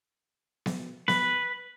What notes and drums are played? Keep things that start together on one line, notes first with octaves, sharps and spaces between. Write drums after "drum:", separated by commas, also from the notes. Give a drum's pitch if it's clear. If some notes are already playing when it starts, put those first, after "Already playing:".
drum: snare B3
B4, drum: snare B3